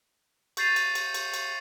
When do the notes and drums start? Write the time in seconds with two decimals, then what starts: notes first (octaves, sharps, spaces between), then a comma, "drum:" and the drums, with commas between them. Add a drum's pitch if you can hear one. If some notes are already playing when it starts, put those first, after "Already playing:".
0.57 C#6 G6 A6 C7 D#7 F7, drum: cymbal
0.76 drum: cymbal
0.95 drum: cymbal
1.14 drum: cymbal
1.34 drum: cymbal